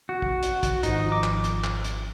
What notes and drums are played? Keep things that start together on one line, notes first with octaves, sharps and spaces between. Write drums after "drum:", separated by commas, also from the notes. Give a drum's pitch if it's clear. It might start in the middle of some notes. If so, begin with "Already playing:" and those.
F#4
drum: kick
drum: hi-hat
drum: kick, hi-hat
G#1 F3 D#4, drum: hi-hat
D6
drum: clap
drum: hi-hat
drum: clap
drum: hi-hat